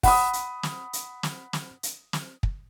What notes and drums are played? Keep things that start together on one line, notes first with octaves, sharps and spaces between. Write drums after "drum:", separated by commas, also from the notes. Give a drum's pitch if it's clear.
F#5 B5 D#6, drum: kick, open hi-hat
drum: hi-hat
drum: snare
drum: hi-hat
drum: snare
drum: snare
drum: hi-hat
drum: snare
drum: kick